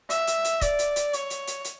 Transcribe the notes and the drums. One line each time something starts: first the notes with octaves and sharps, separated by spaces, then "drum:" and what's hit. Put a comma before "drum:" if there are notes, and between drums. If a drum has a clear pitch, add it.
E5, drum: hi-hat
drum: hi-hat
drum: hi-hat
D5, drum: kick C#1, hi-hat
drum: hi-hat
drum: hi-hat
C#5, drum: hi-hat
drum: hi-hat
drum: hi-hat
drum: hi-hat